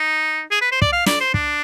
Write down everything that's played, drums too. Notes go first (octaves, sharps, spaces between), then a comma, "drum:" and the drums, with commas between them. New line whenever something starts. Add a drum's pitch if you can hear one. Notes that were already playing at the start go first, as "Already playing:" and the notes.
Already playing: D#4
G#4
B4
C5
D5, drum: kick
F5
D5, drum: snare
C5
D4, drum: kick